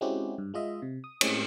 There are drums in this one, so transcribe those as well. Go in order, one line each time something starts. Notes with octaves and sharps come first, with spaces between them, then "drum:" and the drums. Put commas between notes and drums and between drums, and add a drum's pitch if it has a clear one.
G#3 C4 C#4 E4 F#4 G4
G2
G#3 F4 D#5 E5
C3
D#6
A2 G#3 C4 C#4, drum: cymbal